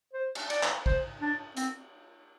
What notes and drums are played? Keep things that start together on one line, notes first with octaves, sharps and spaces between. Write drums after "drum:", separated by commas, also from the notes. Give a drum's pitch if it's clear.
C5
drum: cymbal
D5, drum: cymbal
drum: clap
C5, drum: kick A#1
D4
C4, drum: hi-hat